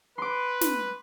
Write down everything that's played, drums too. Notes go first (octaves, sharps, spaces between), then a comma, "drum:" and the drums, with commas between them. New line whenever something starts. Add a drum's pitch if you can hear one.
B4 C6 D6
drum: snare